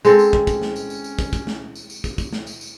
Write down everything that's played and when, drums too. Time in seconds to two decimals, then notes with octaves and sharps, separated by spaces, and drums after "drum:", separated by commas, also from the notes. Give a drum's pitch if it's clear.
0.05 G#3 C4 C#4 A4, drum: tambourine
0.19 drum: tambourine
0.33 drum: kick
0.47 drum: kick, tambourine
0.62 drum: snare
0.76 drum: tambourine
0.90 drum: tambourine
1.04 drum: tambourine
1.19 drum: kick, tambourine
1.33 drum: kick, tambourine
1.47 drum: snare
1.76 drum: tambourine
1.90 drum: tambourine
2.04 drum: kick, tambourine
2.18 drum: kick, tambourine
2.32 drum: snare
2.47 drum: tambourine
2.61 drum: tambourine